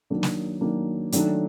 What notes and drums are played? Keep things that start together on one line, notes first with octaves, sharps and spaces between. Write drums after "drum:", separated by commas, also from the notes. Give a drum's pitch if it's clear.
D#3 F#3 A#3 D4
drum: snare
D#3 F#3 A#3 D4
D#3 F#3 A3 D4, drum: hi-hat